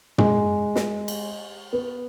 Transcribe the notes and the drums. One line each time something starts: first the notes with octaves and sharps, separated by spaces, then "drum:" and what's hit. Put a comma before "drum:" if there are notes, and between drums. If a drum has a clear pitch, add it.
G#3, drum: tom
drum: snare
drum: cymbal
B3